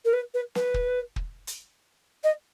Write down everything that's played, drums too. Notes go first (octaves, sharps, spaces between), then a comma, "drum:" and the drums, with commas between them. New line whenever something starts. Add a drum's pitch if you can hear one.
A#4
B4
B4
B4, drum: snare
drum: kick
drum: kick
drum: hi-hat
D#5